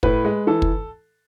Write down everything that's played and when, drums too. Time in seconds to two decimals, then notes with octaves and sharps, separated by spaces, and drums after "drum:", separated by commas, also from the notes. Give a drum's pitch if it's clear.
0.03 A2 B4, drum: kick
0.25 G#3
0.47 E3 A4
0.62 drum: kick